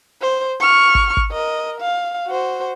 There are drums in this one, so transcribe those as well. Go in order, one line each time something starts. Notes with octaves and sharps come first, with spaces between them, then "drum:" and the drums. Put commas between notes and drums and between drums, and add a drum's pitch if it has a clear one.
C5
C#6 F6
drum: kick
drum: kick
A#4 D#5
F5
F#4 C5